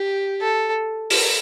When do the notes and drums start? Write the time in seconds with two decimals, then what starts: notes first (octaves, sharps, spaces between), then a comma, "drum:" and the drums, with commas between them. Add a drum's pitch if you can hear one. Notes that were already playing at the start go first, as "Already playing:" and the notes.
Already playing: G4
0.41 A4
1.10 drum: open hi-hat